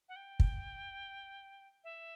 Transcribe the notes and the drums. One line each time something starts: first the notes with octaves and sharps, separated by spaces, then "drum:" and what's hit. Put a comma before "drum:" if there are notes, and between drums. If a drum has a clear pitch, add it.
F#5
G5
drum: kick
E5